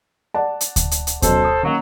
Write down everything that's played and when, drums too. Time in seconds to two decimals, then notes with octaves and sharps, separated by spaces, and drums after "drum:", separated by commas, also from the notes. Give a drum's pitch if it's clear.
0.34 D5 F#5 A5
0.61 drum: hi-hat
0.76 drum: kick D2, hi-hat
0.91 drum: hi-hat
1.07 drum: hi-hat
1.22 F#2 B2 A4 C5, drum: kick D2, hi-hat
1.44 D#6
1.63 D#3 F#3 A#3 C#4